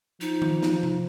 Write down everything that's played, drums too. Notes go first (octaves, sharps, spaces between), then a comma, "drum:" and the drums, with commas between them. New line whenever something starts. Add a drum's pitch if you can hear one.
F3 D#4, drum: hi-hat
drum: tom D#3
drum: snare
drum: tom C3